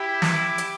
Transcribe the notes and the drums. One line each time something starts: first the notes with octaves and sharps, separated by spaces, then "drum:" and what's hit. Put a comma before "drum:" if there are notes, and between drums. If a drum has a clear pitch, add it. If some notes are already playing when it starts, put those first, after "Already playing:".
Already playing: E4 G4
drum: snare
drum: hi-hat